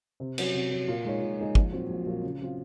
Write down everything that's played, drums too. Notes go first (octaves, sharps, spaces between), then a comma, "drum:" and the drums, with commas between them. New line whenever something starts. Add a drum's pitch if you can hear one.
C3
F#3 C#4, drum: cymbal
C3
F#3 C#4
A#2
G#3 D#4 G#4 C#5
A#2
G#3 D#4 G#4 C#5
A#1, drum: kick
A#2 F#3 C4 F#4
A#1
A#2 F#3 C4 F#4
C#3
F#3 C4 F4